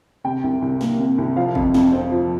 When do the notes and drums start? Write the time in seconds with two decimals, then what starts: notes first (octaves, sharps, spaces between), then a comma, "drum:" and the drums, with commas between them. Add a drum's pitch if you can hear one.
0.24 C3 G5
0.43 C2
0.62 C2
0.81 A#3, drum: snare
0.99 C3
1.18 C2
1.36 F3 F5
1.55 F2, drum: kick
1.74 F2, drum: snare
1.92 C4
2.12 F3